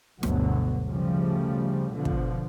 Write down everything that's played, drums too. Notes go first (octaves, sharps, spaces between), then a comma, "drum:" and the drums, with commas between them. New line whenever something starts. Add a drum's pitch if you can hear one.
G1 D2 B2 D3 F#3, drum: snare
C#3 F3 G3 A3
B2 D3 F3
drum: kick